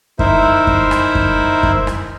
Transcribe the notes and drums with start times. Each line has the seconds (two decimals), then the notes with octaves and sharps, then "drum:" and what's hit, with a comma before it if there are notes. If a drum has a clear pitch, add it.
0.19 D#4 E4 A#4 C5 E5, drum: kick F#2
0.67 drum: kick F#2
0.91 drum: rim click
1.15 drum: kick F#2
1.63 drum: kick F#2
1.87 drum: rim click